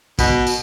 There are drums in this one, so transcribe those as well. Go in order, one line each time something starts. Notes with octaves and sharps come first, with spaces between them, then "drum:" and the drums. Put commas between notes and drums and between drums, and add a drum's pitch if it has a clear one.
B2, drum: kick, tambourine
drum: tambourine